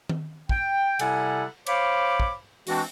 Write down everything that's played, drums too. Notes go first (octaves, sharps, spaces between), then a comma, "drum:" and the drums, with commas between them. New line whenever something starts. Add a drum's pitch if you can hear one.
drum: tom D#3
G5, drum: kick
C3 G3 E4 A4 F#5 G#5, drum: cymbal
C5 C#5 F5 B5 D6, drum: cymbal
drum: kick
E3 G#3 C4 D4 F#4, drum: open hi-hat